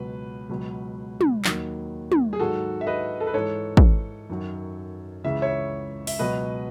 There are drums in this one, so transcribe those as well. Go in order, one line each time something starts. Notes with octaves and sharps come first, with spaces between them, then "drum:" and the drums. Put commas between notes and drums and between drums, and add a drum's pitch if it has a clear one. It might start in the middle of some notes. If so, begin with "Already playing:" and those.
Already playing: C#2 B2 F#3 B4
C#2 B2 F#3
drum: tom
D#2 D#3 F#3, drum: clap
drum: tom
G#4
G#2 D#3 F#3 F#4 A4
E5
B4 D#5
A4
B4
G#2 E3 A4 C#5
drum: kick
F#2 D#3 F#3
C#2 C#3 E3 E5
C#5 E5
E5, drum: open hi-hat
C#2 B2 F#3 B4 D#5